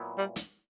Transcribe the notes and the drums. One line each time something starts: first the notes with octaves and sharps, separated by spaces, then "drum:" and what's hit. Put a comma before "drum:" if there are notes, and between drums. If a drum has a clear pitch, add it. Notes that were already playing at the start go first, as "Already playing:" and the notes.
Already playing: A#2 F#3 B3 E4
G3
drum: hi-hat